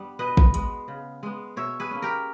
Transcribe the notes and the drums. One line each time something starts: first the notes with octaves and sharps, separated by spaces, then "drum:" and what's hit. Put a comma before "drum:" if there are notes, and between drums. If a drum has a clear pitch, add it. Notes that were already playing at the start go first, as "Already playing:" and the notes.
Already playing: G2 G3 B3
B2 B4 D#5
drum: kick
G#3 B3, drum: hi-hat
C#3
G#3 B3
B2 C#5 E5
G#4 B4
A#3 C#4
G4 A#4